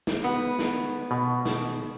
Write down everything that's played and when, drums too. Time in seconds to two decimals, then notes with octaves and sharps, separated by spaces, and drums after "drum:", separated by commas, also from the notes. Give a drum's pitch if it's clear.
0.07 drum: snare
0.24 B3
0.59 drum: snare
1.11 B2
1.45 drum: snare